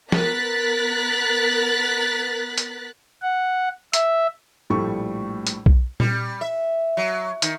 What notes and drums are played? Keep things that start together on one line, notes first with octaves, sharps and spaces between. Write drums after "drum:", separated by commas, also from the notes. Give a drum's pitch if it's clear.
B3 A#4 F#6 A6 B6, drum: snare
drum: hi-hat
F#5
E5, drum: hi-hat
A#1 A2 G3 A3 C#6
drum: hi-hat
drum: kick B1
G3, drum: tom A#2
E5
F#3
D#3, drum: hi-hat